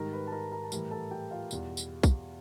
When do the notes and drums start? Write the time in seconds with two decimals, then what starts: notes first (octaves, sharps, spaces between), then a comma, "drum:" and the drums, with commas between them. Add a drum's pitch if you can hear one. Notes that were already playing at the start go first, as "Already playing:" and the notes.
Already playing: G#2 D#3 G3 A#4 A#5
0.13 B4 B5
0.27 A5
0.32 A#4 A#5
0.52 A#4 A#5
0.64 A5
0.72 A2 E3 G3 A#4 A#5, drum: tambourine
0.91 A4 A5
1.11 G4 G5
1.31 F4 F5
1.51 E2 B2 G3, drum: tambourine
1.77 drum: tambourine
2.03 drum: kick B1, tambourine